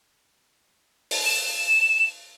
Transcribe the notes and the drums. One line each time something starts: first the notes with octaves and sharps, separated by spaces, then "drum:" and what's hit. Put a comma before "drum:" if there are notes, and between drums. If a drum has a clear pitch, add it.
drum: open hi-hat
E7